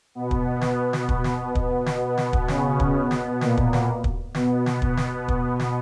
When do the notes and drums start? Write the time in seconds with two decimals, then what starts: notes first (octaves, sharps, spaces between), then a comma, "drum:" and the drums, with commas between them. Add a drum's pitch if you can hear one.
0.15 B2 B3
0.31 drum: kick
0.61 B2 B3, drum: snare
0.93 drum: snare
1.09 drum: kick
1.24 drum: snare
1.55 drum: kick
1.86 drum: snare
2.02 B2 B3
2.17 drum: snare
2.33 drum: kick
2.48 C#3 C#4, drum: snare
2.80 drum: kick
2.95 B2 B3
3.11 drum: snare
3.41 A#2 A#3, drum: snare
3.57 drum: kick
3.73 drum: snare
4.04 drum: kick
4.35 B2 B3, drum: snare
4.66 drum: snare
4.82 drum: kick
4.97 drum: snare
5.28 drum: kick
5.59 drum: snare